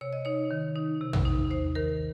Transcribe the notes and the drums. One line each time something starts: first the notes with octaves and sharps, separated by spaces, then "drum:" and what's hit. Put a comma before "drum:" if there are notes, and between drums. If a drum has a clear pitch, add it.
C3 C#5
D#5
D#4 C#5
D#3
D#4
C3
drum: tom
D#4
D#4 C5
D#3 A#4